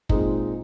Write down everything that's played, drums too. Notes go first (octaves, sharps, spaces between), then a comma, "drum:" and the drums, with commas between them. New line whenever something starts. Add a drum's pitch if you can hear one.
A#2 G#3 C4 D#4, drum: kick